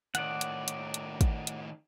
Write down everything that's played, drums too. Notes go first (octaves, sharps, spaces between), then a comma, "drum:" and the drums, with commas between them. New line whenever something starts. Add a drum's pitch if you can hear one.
A2 D#3 D5 F#5, drum: hi-hat
drum: hi-hat
drum: hi-hat
drum: hi-hat
drum: kick, hi-hat
drum: hi-hat